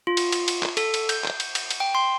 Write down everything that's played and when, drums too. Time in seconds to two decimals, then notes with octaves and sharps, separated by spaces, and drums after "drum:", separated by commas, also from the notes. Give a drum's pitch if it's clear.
0.07 F4
0.17 drum: cymbal
0.32 drum: cymbal
0.48 drum: cymbal
0.63 drum: clap
0.77 A4, drum: cymbal
0.94 drum: cymbal
1.09 G6, drum: cymbal
1.24 drum: clap
1.40 drum: cymbal
1.55 drum: cymbal
1.70 drum: cymbal
1.80 G5
1.95 C6